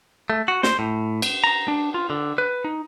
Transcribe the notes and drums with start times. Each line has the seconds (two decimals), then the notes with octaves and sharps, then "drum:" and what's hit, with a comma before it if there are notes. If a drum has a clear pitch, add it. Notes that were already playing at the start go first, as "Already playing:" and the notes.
0.30 A3
0.48 F#4
0.63 C5, drum: snare
0.79 A2
1.22 drum: cymbal
1.44 A#5
1.68 D4
1.94 F4
2.10 D3
2.38 B4
2.65 D#4